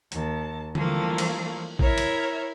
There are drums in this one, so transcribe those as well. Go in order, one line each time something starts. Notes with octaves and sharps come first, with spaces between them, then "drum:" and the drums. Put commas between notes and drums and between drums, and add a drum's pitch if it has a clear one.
D#2 A5, drum: hi-hat
E3 F3 G3 A3 A#3 D4, drum: tom D3
drum: cymbal
E4 A#4 C#5 E5, drum: kick
drum: cymbal